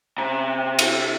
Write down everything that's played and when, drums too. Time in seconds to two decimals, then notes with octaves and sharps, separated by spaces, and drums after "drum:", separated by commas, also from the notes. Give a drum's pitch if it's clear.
0.18 C3 A#5
0.79 drum: cymbal